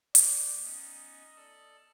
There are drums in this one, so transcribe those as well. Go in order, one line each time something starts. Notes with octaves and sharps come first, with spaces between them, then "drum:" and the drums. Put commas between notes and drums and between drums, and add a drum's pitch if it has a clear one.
A3 D5, drum: hi-hat
B3 C#4 D#4 D#5
A4 D5 A5